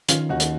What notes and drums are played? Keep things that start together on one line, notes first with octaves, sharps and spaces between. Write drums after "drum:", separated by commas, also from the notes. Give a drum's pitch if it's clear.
D#3 C#4 F4, drum: hi-hat
D#2 D#4 F#4
drum: hi-hat